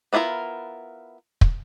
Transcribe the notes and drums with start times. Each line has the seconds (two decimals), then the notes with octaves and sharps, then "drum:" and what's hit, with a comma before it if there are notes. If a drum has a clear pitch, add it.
0.13 B3 D4 E4 F4 A#4
1.41 drum: kick